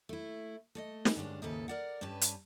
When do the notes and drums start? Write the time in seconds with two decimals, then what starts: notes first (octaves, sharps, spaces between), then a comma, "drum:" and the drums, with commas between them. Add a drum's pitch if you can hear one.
0.09 A3 E4
0.75 A3 D5 D#5
1.05 drum: snare
1.16 G2 D3 G#3 C#4 D4
1.42 D#2 G#2 C#3 E4 A4 B4
1.68 A#4 D5 F#5
2.01 G2 C#4 G4 B4 A5
2.21 drum: hi-hat